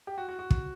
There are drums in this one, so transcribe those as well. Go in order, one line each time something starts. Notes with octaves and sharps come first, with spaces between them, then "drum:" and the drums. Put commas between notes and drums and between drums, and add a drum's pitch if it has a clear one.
G4
F#4
F#4
F#4
F#4, drum: kick